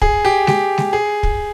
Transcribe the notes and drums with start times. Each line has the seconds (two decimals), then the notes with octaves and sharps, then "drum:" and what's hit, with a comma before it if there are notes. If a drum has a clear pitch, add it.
0.02 G#4, drum: kick
0.25 G4
0.47 G4, drum: snare
0.78 drum: snare
0.93 G#4
1.23 drum: kick